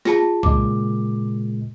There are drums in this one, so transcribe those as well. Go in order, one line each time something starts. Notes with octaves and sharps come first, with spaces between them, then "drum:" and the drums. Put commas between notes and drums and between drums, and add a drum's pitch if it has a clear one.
F4 G#4 A5, drum: snare
A#2 C#3 G#3 D6, drum: kick C2